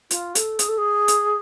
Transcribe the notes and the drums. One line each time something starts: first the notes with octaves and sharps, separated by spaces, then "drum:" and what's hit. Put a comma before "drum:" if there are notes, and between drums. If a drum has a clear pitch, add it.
F4, drum: hi-hat
A4, drum: hi-hat
G#4, drum: hi-hat
A4
G#4
drum: hi-hat